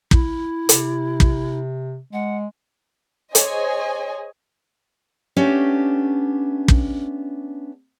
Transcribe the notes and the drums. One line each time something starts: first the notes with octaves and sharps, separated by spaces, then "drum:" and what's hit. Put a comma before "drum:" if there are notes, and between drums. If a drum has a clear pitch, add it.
E4, drum: kick
C3, drum: hi-hat
drum: kick
G#3 F#5
G#4 C5 C#5 D#5 G#5, drum: hi-hat
A3 B3 C#4 D4 G4
drum: kick